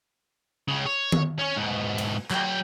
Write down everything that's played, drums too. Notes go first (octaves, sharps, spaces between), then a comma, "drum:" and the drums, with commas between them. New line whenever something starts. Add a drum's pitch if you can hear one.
C#2 C#3
C#5
drum: tom D#3
C#4 C#5
G#2 B2
drum: cymbal
F#3 G5, drum: clap